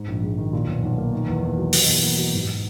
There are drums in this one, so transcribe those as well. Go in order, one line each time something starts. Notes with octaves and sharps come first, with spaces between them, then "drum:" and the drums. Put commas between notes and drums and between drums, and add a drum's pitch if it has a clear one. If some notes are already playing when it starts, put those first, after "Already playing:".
Already playing: G#2
A#1
G#3
D#3
A#2
B1
B1
A#3
D#3
E2
E2
F#3
B2, drum: open hi-hat
E2
A#3
F#3
G#2